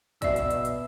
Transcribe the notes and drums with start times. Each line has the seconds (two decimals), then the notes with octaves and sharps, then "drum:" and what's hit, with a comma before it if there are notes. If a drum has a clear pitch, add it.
0.22 B2 D5 E5 E6, drum: kick, hi-hat
0.36 drum: hi-hat
0.51 drum: hi-hat
0.65 drum: hi-hat